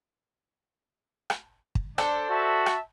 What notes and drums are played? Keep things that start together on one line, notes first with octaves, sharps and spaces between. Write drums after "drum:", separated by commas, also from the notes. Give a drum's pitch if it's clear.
drum: rim click
drum: kick
D4 A4 C5 D5, drum: rim click
F#4 E5 A5
drum: rim click